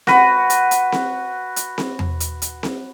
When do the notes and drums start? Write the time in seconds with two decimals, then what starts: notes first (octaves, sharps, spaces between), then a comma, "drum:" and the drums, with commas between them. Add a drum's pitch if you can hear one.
0.07 F#4 B4, drum: snare C4
0.50 drum: hi-hat
0.71 drum: hi-hat
0.92 drum: snare C4
1.56 drum: hi-hat
1.78 drum: snare C4
1.99 drum: tom E2
2.20 drum: hi-hat
2.42 drum: hi-hat
2.63 drum: snare C4